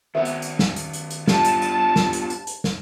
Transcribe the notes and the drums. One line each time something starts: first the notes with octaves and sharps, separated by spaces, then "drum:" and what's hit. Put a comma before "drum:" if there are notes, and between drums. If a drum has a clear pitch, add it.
D#3 B3 C4 F#4 E5
drum: hi-hat
drum: hi-hat
drum: snare
drum: hi-hat
drum: hi-hat
drum: hi-hat
G2 B3 D4 F4 A5, drum: snare
drum: hi-hat
drum: hi-hat
drum: snare
drum: hi-hat
drum: hi-hat
drum: hi-hat
drum: snare